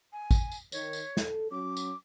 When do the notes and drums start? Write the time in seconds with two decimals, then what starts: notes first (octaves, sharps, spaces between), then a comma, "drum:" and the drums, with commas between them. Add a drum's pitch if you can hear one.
0.13 G#5
0.31 drum: kick, tambourine
0.51 drum: tambourine
0.72 D#3 C#5, drum: tambourine
0.93 drum: tambourine
1.17 A4, drum: snare
1.51 F#3 C#4 D6
1.77 drum: tambourine